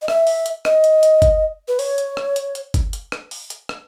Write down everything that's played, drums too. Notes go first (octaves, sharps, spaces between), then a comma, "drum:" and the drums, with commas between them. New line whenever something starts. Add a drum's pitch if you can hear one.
D#5
E5, drum: rim click
drum: open hi-hat
drum: hi-hat
D#5, drum: rim click
drum: hi-hat
drum: hi-hat
drum: kick G1, hi-hat
B4
C#5, drum: open hi-hat
drum: hi-hat
drum: rim click
drum: hi-hat
drum: hi-hat
drum: kick G1, hi-hat
drum: hi-hat
drum: rim click
drum: open hi-hat
drum: hi-hat
drum: rim click